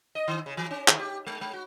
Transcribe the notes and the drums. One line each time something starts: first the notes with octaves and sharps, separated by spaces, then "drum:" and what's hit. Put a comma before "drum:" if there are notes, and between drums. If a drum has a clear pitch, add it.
D#5
D#3
C#3
E3
C#4
D#2, drum: clap
G4
G#3
G#3
F#4